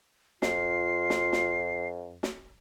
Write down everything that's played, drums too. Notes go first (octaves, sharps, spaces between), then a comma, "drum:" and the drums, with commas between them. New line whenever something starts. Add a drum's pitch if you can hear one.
F2 F4 C7, drum: snare
drum: snare
drum: snare
drum: snare